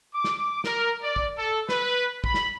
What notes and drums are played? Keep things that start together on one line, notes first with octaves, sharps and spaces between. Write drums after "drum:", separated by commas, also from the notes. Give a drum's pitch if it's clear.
D6
drum: snare
A#4, drum: snare
D5
drum: kick
A4
B4, drum: snare
B5, drum: kick
drum: snare